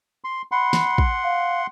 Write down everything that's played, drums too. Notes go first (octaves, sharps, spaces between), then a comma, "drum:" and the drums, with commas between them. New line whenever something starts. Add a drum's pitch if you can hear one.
C6
F#5 B5 C6
drum: snare
drum: kick
F5